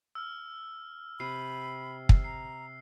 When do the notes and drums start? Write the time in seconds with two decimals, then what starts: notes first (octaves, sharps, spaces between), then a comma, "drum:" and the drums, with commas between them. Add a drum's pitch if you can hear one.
0.15 E6 F6
1.20 C3 B5 C7
2.09 drum: kick
2.24 A#5 C7